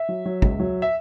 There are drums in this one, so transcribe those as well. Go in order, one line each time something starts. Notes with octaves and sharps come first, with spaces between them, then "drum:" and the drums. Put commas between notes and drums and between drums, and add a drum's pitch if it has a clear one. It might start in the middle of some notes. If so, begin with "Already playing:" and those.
Already playing: E5
F#3
F#3
C#2, drum: kick
F#3
E5